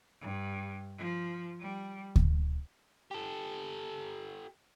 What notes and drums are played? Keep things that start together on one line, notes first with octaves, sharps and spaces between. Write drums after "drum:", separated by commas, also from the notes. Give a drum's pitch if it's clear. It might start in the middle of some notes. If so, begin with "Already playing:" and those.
G2
F3
G3
drum: kick D2
G4 A4